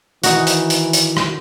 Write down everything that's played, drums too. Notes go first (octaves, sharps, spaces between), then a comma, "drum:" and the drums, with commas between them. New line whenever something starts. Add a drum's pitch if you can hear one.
D#3 E3 D#4 F#4, drum: hi-hat
drum: hi-hat
drum: hi-hat
drum: hi-hat
drum: rim click